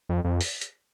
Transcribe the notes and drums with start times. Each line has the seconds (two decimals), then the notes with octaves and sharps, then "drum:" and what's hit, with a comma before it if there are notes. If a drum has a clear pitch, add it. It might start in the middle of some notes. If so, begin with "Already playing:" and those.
0.09 F2
0.24 F2
0.41 drum: open hi-hat
0.61 drum: hi-hat